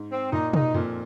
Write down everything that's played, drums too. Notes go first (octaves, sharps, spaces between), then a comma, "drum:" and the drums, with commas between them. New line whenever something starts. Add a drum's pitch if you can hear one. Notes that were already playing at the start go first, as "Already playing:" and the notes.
Already playing: G#2
C4
A#2 D#4
D#4, drum: tom
F2 A#2